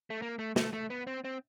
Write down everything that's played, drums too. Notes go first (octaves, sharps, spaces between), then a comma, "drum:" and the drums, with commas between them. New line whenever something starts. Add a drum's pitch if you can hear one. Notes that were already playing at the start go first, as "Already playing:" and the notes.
A3
A#3
A3
A3, drum: snare
A3
B3
C4
C4